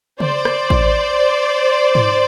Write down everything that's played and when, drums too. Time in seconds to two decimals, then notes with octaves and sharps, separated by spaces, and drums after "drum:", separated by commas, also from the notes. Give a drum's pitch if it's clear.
0.20 C5 D5, drum: tom C#3
0.45 drum: rim click
0.70 drum: kick A1
1.95 drum: tom G#2